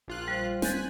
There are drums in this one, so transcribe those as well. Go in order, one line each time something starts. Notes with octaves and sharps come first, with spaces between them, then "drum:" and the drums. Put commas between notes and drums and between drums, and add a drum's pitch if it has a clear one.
A#1 F4 F#6
G3 C5
C4 G#5 F#6 G6 A6 B6, drum: snare